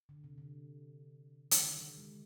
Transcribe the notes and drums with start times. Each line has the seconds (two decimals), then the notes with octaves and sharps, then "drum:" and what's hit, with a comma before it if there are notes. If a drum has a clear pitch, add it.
0.09 D3
0.24 C3
0.38 D3
1.51 D3, drum: hi-hat
1.57 D#3
1.77 G3
1.98 G#3